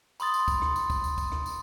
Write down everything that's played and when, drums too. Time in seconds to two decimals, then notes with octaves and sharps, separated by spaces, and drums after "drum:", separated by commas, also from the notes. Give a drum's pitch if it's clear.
0.20 B5 C6 D#6 A6, drum: tambourine
0.34 drum: tambourine
0.48 drum: kick, tambourine
0.62 drum: rim click
0.76 drum: tambourine
0.90 drum: kick, tambourine
1.04 drum: tambourine
1.18 drum: kick, tambourine
1.32 drum: rim click
1.46 drum: tambourine